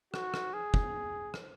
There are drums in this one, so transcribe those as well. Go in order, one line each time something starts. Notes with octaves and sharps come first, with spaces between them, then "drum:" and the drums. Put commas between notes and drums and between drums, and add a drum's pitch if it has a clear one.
F#4, drum: rim click
drum: rim click
G#4
drum: kick
drum: rim click